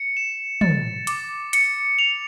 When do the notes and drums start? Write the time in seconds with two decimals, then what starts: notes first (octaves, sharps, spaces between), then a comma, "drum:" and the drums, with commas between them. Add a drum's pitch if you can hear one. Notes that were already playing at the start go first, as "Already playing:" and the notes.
Already playing: C#7
0.17 E7
0.61 A6, drum: tom
1.07 D6, drum: hi-hat
1.53 C#7, drum: hi-hat
1.99 F7